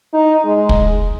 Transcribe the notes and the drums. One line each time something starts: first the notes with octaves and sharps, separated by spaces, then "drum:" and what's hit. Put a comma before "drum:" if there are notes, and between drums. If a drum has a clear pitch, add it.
D#4
G#3
drum: kick